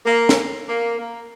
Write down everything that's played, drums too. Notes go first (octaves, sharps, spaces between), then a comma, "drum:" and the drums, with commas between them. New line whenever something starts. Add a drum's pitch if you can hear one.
A#3
drum: snare
A#3
A#3